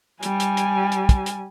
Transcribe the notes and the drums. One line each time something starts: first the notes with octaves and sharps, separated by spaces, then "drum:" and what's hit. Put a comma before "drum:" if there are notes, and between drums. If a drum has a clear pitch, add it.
G3 G#5, drum: hi-hat
drum: hi-hat
drum: hi-hat
drum: hi-hat
drum: kick, hi-hat
drum: hi-hat